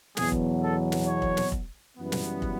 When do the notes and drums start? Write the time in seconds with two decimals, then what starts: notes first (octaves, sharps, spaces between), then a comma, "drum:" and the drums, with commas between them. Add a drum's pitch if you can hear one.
0.17 E2 B2 F#3 B3 G#4, drum: snare
0.32 drum: kick
0.62 A4
0.92 drum: snare
1.08 C#5
1.22 drum: kick
1.37 drum: snare
1.52 drum: kick
1.97 F#2 C#3 E3 G3 B3
2.12 drum: snare
2.42 drum: kick